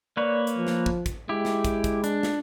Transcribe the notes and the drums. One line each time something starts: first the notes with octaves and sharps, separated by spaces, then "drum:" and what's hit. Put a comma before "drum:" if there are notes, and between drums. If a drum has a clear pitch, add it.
A#3 B4 C#5 D5
drum: hi-hat
F3
drum: snare
drum: kick
drum: kick, hi-hat
G#3 E4 G4
drum: snare
drum: kick, hi-hat
drum: kick, hi-hat
D4, drum: hi-hat
drum: snare